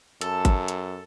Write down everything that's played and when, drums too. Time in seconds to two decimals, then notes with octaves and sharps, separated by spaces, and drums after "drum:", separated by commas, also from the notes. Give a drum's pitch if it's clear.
0.21 F#2 A4, drum: hi-hat
0.45 drum: kick G#1, hi-hat
0.68 drum: hi-hat